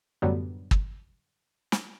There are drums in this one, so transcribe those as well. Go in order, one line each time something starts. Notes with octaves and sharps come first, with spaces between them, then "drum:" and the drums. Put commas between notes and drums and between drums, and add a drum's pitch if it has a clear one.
F#2 A2 D3 F#3 G3 B3
drum: kick
drum: snare